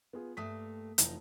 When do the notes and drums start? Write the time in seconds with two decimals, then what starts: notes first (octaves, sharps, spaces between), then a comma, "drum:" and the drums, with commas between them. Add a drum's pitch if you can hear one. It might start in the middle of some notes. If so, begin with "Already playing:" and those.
0.13 B3 F4 G#4
0.37 G2 A3 A#3 E5 D#6 B6
0.98 F1 E3 F3 D#4, drum: hi-hat